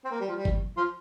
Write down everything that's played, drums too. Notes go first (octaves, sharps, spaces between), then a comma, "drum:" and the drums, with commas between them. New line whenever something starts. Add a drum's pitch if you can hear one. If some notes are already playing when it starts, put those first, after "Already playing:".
C4
A#3
G3
F3
G3
drum: kick G1
F3 F4